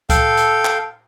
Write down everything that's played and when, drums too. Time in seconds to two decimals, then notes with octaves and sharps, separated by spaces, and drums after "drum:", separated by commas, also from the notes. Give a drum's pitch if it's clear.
0.10 A4 F5 G5, drum: kick C#2, hi-hat
0.37 drum: hi-hat
0.65 drum: clap